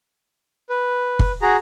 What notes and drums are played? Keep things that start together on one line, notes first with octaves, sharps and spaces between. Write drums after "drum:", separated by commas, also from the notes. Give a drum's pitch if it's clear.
B4
drum: kick
F#4 G#4 A#5